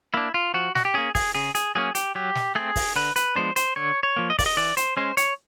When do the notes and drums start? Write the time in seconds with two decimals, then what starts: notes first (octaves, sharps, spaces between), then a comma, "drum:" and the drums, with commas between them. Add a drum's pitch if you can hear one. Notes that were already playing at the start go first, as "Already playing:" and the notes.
0.14 A#3 D4 E4
0.34 F4
0.54 F3 F#4
0.75 F#4, drum: snare
0.85 G4
0.94 A#3 C#4 G#4
1.15 G#4, drum: kick, open hi-hat
1.35 C#3 G#4
1.55 G#4, drum: hi-hat
1.75 F#3 A#3 C#4 G#4
1.95 G4, drum: hi-hat
2.15 F#3 G4
2.35 drum: snare
2.55 A3 C4 G#4
2.76 drum: kick, open hi-hat
2.96 D3 B4
3.16 B4, drum: hi-hat
3.35 F3 G#3 B3 D4 C5
3.56 C5, drum: hi-hat
3.76 D3 C#5
4.03 C#5
4.16 F3 A#3
4.30 D#5
4.39 D5, drum: kick, open hi-hat
4.46 D#5
4.57 E3 D5
4.77 C5, drum: hi-hat
4.97 G#3 C#4 C5
5.17 C#5, drum: hi-hat